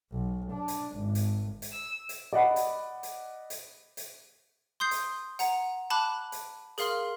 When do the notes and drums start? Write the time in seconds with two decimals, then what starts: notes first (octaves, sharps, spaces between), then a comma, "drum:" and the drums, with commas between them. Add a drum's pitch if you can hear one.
0.11 B1
0.52 D4
0.68 drum: hi-hat
0.96 G#1
1.15 drum: hi-hat
1.62 drum: hi-hat
1.72 E6
2.09 drum: hi-hat
2.33 D5 D#5 F#5 B5
2.56 drum: hi-hat
3.03 drum: hi-hat
3.50 drum: hi-hat
3.97 drum: hi-hat
4.80 C6 D#6 G6 C7
4.91 drum: hi-hat
5.39 F#5 A#5, drum: hi-hat
5.90 A5 B5 D6 F#6
6.32 drum: hi-hat
6.78 G#4 A#4 F5 C6 F6, drum: hi-hat